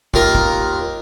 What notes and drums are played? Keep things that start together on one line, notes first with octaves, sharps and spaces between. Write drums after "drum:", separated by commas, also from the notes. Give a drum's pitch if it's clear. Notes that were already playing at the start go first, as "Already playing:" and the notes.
D#2 F4 A#4, drum: kick
drum: kick